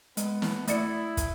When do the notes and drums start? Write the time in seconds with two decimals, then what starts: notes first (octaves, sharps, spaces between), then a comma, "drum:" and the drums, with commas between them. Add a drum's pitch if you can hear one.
0.17 G#3 B3, drum: hi-hat
0.42 drum: snare
0.68 A3 E4 D5 D#6 C#7, drum: hi-hat
1.17 drum: kick, hi-hat